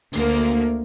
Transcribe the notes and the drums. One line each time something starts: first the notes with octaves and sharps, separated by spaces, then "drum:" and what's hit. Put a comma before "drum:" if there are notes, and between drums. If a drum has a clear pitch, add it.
D2 A#3, drum: open hi-hat